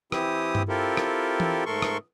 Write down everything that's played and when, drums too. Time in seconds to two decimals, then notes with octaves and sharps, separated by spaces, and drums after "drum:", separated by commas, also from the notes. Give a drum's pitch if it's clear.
0.12 E3 C4 E4 G4 D#6, drum: rim click
0.55 drum: tom G2
0.69 C4 E4 F4 G4 A4 A#4
0.97 drum: rim click
1.40 drum: tom E3
1.66 G#2 A3 A4 A#4 C6 C#6
1.82 drum: rim click